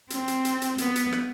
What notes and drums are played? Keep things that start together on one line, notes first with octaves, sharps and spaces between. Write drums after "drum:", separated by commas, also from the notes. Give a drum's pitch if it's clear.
C4, drum: hi-hat
drum: hi-hat
drum: hi-hat
drum: hi-hat
B3, drum: hi-hat
drum: hi-hat
drum: rim click